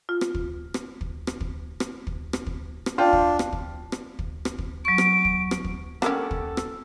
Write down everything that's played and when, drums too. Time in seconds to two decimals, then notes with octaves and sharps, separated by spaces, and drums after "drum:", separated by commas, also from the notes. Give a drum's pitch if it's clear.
0.09 F4
0.21 drum: rim click
0.35 drum: kick
0.74 drum: rim click
1.01 drum: kick
1.27 drum: rim click
1.40 drum: kick
1.80 drum: rim click
2.07 drum: kick
2.33 drum: rim click
2.46 drum: kick
2.86 drum: rim click
2.98 D4 F4 G5
3.13 drum: kick
3.39 drum: rim click
3.52 drum: kick
3.92 drum: rim click
4.19 drum: kick
4.45 drum: rim click
4.58 drum: kick
4.85 F#3 C#6 D7
4.98 drum: rim click
5.25 drum: kick
5.51 drum: rim click
5.64 drum: kick
6.02 G3 A#3 C#4 G4 A4 F#5, drum: rim click
6.31 drum: kick
6.57 drum: rim click